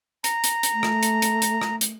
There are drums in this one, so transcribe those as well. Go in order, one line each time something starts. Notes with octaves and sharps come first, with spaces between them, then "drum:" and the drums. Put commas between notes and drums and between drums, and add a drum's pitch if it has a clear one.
A#5, drum: hi-hat
drum: hi-hat
drum: hi-hat
A3
drum: rim click
drum: hi-hat
drum: hi-hat
drum: hi-hat
drum: rim click
drum: hi-hat